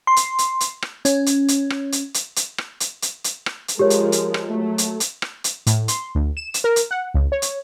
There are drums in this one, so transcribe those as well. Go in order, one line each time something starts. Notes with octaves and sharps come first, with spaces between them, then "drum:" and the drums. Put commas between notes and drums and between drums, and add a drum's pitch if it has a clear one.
C6
drum: hi-hat
drum: hi-hat
drum: hi-hat
drum: rim click
C#4, drum: hi-hat
drum: hi-hat
drum: hi-hat
drum: rim click
drum: hi-hat
drum: hi-hat
drum: hi-hat
drum: rim click
drum: hi-hat
drum: hi-hat
drum: hi-hat
drum: rim click
drum: hi-hat
F3 G#3 G4 A#4 C#5
drum: hi-hat
drum: hi-hat
drum: rim click
F#3 A3
drum: hi-hat
drum: hi-hat
drum: rim click
drum: hi-hat
A2, drum: hi-hat
C6, drum: hi-hat
D2
E7
drum: hi-hat
A#4
drum: hi-hat
F#5
C#2
C#5
drum: hi-hat